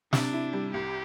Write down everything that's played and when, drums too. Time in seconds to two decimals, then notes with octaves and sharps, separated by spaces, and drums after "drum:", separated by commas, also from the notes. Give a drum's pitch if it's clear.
0.13 C3 D4, drum: snare
0.33 E4
0.53 G3
0.74 C2 G4